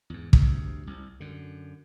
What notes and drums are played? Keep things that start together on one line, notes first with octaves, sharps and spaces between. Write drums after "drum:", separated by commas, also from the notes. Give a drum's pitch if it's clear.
E2 G#2
D2 G2 C3, drum: kick
C2
F#2 D3